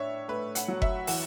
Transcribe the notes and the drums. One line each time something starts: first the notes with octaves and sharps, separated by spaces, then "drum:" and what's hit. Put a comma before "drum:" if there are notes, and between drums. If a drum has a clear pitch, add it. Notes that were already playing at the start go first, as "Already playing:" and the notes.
Already playing: A2 D4 C#5 E5
A3 B4
F#5, drum: hi-hat
F#3
E5, drum: kick F#1
E3 F#5, drum: open hi-hat